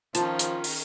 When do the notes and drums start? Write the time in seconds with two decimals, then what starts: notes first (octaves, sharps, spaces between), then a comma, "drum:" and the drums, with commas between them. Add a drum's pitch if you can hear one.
0.15 D#3 F3 C#4 F4 A5, drum: hi-hat
0.39 drum: hi-hat
0.64 drum: open hi-hat